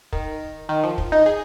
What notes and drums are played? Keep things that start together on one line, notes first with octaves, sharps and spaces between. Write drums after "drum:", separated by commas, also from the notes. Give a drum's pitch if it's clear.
D#3, drum: kick
D#3
F3
drum: kick
D#4
G#4